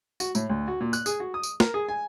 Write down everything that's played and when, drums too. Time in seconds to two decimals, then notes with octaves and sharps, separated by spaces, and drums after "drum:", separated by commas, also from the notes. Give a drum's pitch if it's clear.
0.20 F#4, drum: tambourine
0.35 A2, drum: tambourine
0.49 D2
0.68 F#4
0.81 A#2
0.93 F#6, drum: tambourine
1.06 G#4, drum: tambourine
1.20 F#4
1.34 D#6
1.43 drum: tambourine
1.60 A#4, drum: snare
1.74 G#4
1.89 G#5